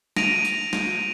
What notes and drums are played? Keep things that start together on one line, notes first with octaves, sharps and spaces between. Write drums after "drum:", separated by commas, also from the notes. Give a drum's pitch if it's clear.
A#6 D7 D#7 F7, drum: snare
drum: tambourine
drum: snare